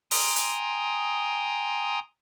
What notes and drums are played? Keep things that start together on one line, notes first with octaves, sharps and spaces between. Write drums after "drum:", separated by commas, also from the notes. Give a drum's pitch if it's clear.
G5 G#5 A#5 C6 D#6, drum: open hi-hat
drum: hi-hat